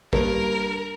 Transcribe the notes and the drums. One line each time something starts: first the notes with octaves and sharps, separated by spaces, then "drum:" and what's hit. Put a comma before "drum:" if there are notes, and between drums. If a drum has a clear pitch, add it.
G2 A#3 A#4, drum: kick